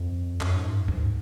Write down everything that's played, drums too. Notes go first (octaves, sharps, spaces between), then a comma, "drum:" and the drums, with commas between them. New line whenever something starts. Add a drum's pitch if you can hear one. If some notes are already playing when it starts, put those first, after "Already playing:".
Already playing: F2
F#2, drum: clap
G#2
F#2
G#2, drum: kick